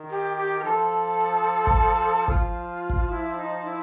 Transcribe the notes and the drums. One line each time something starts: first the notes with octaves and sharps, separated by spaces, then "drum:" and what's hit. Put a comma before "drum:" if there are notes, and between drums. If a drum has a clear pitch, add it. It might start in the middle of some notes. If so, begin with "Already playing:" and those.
Already playing: D#3
G4
G4
A#4
F3 A4
drum: kick
F3 F4, drum: kick
drum: kick
E4
D#4
E4